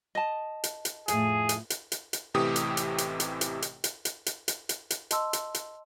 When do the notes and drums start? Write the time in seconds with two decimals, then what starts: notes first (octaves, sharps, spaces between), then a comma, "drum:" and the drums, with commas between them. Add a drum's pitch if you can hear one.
0.15 D#5 A5
0.64 drum: hi-hat
0.85 drum: hi-hat
1.08 F2 A2 G#4, drum: hi-hat
1.49 drum: hi-hat
1.70 drum: hi-hat
1.92 drum: hi-hat
2.13 drum: hi-hat
2.34 A1 A2 C3 E3 G4 D#6
2.56 drum: hi-hat
2.77 drum: hi-hat
2.98 drum: hi-hat
3.20 drum: hi-hat
3.41 drum: hi-hat
3.62 drum: hi-hat
3.84 drum: hi-hat
4.05 drum: hi-hat
4.26 drum: hi-hat
4.48 drum: hi-hat
4.69 drum: hi-hat
4.90 drum: hi-hat
5.11 D#5 A5 C6 E6, drum: hi-hat
5.33 drum: hi-hat
5.54 drum: hi-hat